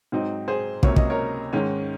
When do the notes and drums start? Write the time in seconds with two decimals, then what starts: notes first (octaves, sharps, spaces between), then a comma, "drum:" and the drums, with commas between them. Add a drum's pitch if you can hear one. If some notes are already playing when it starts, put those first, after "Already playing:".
0.12 G#2 F#3 C4 D#4
0.48 G#4 C5
0.83 C#2 C3 F#3 A#3 C#4 C#5, drum: kick
0.96 D#5, drum: kick
1.10 A#4 C#5
1.53 G#2 D#3 G#3 C#4